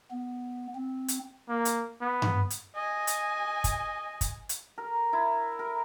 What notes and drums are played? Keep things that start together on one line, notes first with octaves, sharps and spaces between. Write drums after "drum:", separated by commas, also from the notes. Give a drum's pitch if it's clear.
B3
C4
drum: hi-hat
A#3
drum: hi-hat
B3
drum: tom G2
drum: hi-hat
D#5 G#5
drum: hi-hat
drum: kick, hi-hat
drum: kick, hi-hat
drum: hi-hat
A#4
E4
A#4